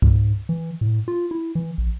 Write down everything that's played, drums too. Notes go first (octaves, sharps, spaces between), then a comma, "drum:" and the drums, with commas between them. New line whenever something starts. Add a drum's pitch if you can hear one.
G#2, drum: kick C#2
E3
A2
F4
E4
E3
A#1